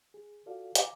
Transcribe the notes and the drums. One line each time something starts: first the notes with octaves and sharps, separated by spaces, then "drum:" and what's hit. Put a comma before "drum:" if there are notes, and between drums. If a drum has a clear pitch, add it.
G#4
F4 F#4 A4 D5 F5
F5 G#5 A#5 D6, drum: hi-hat